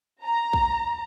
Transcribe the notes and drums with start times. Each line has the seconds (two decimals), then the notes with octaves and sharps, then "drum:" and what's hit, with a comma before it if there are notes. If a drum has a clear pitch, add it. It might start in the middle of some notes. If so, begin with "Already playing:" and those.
0.22 A#5
0.53 drum: kick